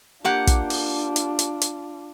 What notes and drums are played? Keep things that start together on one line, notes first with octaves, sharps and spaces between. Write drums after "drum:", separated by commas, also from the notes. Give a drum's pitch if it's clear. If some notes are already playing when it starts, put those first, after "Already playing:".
A#3 D4 F4 G4 F#5
drum: kick, hi-hat
drum: open hi-hat
drum: hi-hat
drum: hi-hat
drum: hi-hat